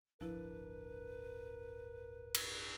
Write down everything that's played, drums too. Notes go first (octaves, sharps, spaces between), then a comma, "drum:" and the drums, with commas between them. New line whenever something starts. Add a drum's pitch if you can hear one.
D1 G1 F3 D4 E4 A#4 B4
drum: cymbal